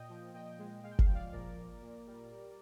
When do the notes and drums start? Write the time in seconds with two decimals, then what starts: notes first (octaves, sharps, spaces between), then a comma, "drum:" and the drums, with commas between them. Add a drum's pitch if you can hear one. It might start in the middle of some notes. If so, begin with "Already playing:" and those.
Already playing: A#2 D#5 G5
0.09 F3
0.34 A#2 D#5 G5
0.58 G#3
0.83 G#3 F5
0.91 G5
0.99 F5, drum: kick F#1
1.06 F3 G5
1.14 D5 F5
1.32 A#2 A#4 D5
1.57 A#2
1.82 A#2
2.06 G3
2.31 G3